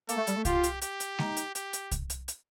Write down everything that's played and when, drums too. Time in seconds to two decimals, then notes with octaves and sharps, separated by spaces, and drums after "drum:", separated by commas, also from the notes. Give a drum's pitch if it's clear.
0.09 A#3 A4, drum: hi-hat
0.17 A3
0.27 G3, drum: hi-hat
0.37 A3
0.45 F4 G4, drum: kick C2, hi-hat
0.64 drum: hi-hat
0.82 G4, drum: hi-hat
1.00 drum: hi-hat
1.18 D#4, drum: snare G#3
1.37 drum: hi-hat
1.55 G4, drum: hi-hat
1.73 drum: hi-hat
1.92 drum: kick C2, hi-hat
2.10 drum: hi-hat
2.28 drum: hi-hat